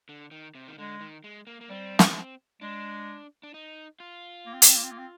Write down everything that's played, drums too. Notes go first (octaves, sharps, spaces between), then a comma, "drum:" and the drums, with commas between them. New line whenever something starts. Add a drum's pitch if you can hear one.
D3
D#3
C3
D#3
D3 G#3
D#3
G#3
A#3
A#3
G3 C4
drum: snare
G#3 D4
D4
D#4
F4
A#3
C4
A#3, drum: hi-hat
C4
A#3
C4
A#3
C4